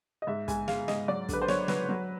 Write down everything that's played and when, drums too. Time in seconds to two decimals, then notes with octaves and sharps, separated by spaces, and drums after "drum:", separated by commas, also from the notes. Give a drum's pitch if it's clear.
0.22 D#5
0.27 G#2 E5
0.48 G#2 G#5, drum: kick, hi-hat
0.68 G#3 F5, drum: snare
0.88 G#2 D#5, drum: snare
1.08 F#3 D5
1.29 D3 B4, drum: kick, hi-hat
1.42 C5
1.48 F#3 C#5, drum: snare
1.68 F#3 B4, drum: snare
1.89 F#3